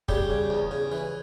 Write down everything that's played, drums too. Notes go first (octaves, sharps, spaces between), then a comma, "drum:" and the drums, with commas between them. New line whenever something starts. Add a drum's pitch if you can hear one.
C#3 G3 G4, drum: kick
C#3
E2
C#3
E3